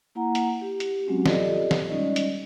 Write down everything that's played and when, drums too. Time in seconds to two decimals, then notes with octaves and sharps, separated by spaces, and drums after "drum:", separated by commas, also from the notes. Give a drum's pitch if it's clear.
0.15 A#3 E4 F#5 A#5
0.35 drum: hi-hat
0.61 G4
0.80 drum: hi-hat
1.06 F#3 G#3 C4 C#4 F#4
1.26 F4 G4 A4 D5 D#5, drum: snare
1.71 drum: snare
1.88 G3 G#3 C#4 D#4 D5 D#5
2.16 drum: hi-hat